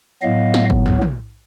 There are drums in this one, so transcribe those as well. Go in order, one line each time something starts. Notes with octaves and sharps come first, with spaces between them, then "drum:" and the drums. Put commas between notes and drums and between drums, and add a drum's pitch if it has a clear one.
A2 F#3 B3 D#5 F5
drum: snare
drum: kick G1
drum: tom
drum: tom